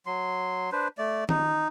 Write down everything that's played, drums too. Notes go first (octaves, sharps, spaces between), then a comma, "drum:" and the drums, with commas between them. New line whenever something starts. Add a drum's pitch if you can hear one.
F#3 C6
D4 B4 C5
A3 D5
D#4, drum: tom D#3